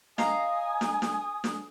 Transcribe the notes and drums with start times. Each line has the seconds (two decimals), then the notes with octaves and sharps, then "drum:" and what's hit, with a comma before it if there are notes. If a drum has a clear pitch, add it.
0.18 D#5 F5 G#5 A#5 D#6, drum: snare
0.81 drum: snare
1.02 drum: snare
1.44 drum: snare